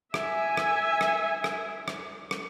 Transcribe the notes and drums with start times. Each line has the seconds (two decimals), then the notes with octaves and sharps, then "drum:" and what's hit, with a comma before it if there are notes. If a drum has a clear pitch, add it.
0.14 E5 G#5, drum: rim click
0.57 drum: rim click
1.01 drum: rim click
1.44 drum: rim click
1.88 drum: rim click
2.31 drum: rim click